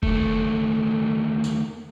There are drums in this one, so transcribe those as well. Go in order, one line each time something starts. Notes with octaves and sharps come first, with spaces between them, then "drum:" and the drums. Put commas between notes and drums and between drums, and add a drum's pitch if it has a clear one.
D#2 A3, drum: kick E1
drum: tambourine